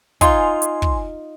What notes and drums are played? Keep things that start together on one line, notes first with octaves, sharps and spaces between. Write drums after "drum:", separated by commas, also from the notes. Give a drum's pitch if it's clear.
D#4 F4 G#5 C6, drum: kick, hi-hat
drum: hi-hat
drum: kick